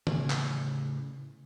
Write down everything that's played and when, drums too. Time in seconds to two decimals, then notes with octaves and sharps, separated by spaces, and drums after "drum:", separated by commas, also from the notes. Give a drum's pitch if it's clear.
0.07 A2 C#3 G#5, drum: tom D3
0.30 drum: clap